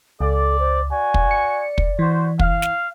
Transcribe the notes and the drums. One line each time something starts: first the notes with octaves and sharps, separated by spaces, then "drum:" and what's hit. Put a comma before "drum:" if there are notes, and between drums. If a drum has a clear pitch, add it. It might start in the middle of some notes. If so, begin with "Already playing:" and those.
C#2 A4 D5
C5
F#4 D5 G#5
drum: kick
C#7
drum: kick
E3 F#4 C5
F5, drum: kick
drum: snare